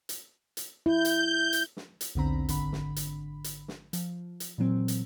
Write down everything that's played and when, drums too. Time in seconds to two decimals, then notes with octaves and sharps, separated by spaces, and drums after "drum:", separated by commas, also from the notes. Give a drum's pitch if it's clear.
0.09 drum: hi-hat
0.57 drum: hi-hat
0.86 E4 G6
1.05 drum: hi-hat
1.53 drum: hi-hat
1.77 drum: snare
2.01 drum: hi-hat
2.15 B1 E2 D3 C4 A#5 B5
2.49 G#1 D3 B5, drum: hi-hat
2.72 drum: snare
2.96 drum: hi-hat
3.44 drum: hi-hat
3.68 drum: snare
3.93 F3, drum: hi-hat
4.40 drum: hi-hat
4.58 A#2 E3 F#3 C4
4.88 drum: hi-hat